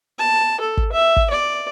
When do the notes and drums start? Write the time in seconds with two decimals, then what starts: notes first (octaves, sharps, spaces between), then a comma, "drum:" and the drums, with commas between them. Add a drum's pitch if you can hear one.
0.19 A5
0.60 A4
0.77 drum: kick
0.92 E5
1.16 drum: kick
1.30 D5